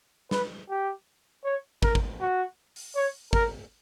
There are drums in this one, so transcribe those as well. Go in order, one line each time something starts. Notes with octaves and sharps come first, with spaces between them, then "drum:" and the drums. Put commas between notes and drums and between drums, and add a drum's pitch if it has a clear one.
B4, drum: snare
G4
C#5
A#4, drum: kick
drum: kick
F#4
drum: open hi-hat
C#5
A#4, drum: kick